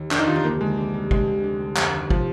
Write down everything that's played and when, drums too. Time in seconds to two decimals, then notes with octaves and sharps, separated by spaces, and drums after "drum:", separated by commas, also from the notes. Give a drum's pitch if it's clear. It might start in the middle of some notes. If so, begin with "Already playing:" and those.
Already playing: D#2 D#3
0.11 F1 D4, drum: clap
0.19 D#4
0.28 D#3 F4
0.36 D#4
0.45 D2 A#3
0.60 D3 G#3
0.77 D4
0.94 G3
1.11 D2 G#3, drum: kick
1.27 D3
1.43 D4
1.61 G3
1.76 F1, drum: clap
1.94 D#2
2.10 F3, drum: kick